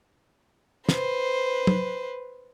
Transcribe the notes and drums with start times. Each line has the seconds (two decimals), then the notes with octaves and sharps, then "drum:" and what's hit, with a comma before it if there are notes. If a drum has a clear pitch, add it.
0.89 B4 C5, drum: snare
1.67 drum: tom F#3